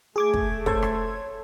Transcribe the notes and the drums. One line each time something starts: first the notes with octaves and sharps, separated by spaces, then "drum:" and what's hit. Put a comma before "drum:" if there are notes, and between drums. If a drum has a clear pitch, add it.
A3 G#4 D6 G#6
drum: kick
A4 C5 C#5 G#6, drum: kick
drum: rim click